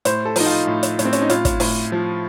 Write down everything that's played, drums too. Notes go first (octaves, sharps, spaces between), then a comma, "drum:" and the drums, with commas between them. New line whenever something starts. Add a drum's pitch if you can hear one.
A2 C5, drum: hi-hat
A4
F3 D#4, drum: open hi-hat
F4
A2
drum: hi-hat
A2, drum: hi-hat
C4
C#4, drum: hi-hat
D#4
A2 F4, drum: hi-hat
drum: kick, hi-hat
A2, drum: open hi-hat
F3